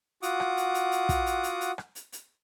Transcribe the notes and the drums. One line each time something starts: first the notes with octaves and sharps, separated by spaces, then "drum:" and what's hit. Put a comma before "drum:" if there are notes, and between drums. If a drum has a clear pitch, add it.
F4 F#4 F#5 D6 D#6, drum: hi-hat
drum: rim click
drum: hi-hat
drum: hi-hat
drum: hi-hat
drum: kick, hi-hat
drum: hi-hat
drum: hi-hat
drum: hi-hat
drum: rim click
drum: hi-hat
drum: hi-hat